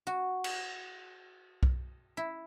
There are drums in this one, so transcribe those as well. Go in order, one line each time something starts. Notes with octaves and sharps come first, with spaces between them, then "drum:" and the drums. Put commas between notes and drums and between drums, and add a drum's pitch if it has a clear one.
F#4
drum: cymbal
drum: kick B1
E4